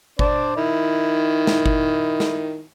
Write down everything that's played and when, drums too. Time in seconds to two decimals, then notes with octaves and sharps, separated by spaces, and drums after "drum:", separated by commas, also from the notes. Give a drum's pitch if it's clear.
0.19 D4 C5 D5, drum: kick G1
0.56 D#3 E4
1.47 drum: snare
1.66 drum: kick G1
2.20 drum: snare